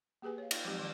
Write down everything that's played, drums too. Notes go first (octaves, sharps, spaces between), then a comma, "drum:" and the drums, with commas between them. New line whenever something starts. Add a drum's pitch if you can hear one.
A#3 G4 G#4 B4 G#5
C#5 F5
D#4 F4 F5, drum: cymbal
F3 F#3 G#3 C4 D#4 G4
D#3 D5 D6